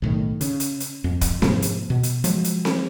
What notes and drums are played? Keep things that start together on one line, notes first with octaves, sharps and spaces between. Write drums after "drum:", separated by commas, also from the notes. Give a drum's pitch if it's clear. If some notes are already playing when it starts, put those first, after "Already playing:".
B1 A2 D#3
C#3, drum: hi-hat
drum: hi-hat
drum: hi-hat
F2
drum: kick, hi-hat
G#2 C3 F3 A#3, drum: snare C4
drum: hi-hat
B2
drum: hi-hat
F3 F#3 G#3, drum: hi-hat
drum: hi-hat
drum: snare C4